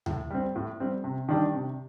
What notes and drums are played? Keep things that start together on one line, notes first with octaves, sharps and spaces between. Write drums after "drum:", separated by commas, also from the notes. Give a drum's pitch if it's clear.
A2, drum: tom D2
G3 C4
A2
G3 C4
C3
D#3 G3 D4 G4
C3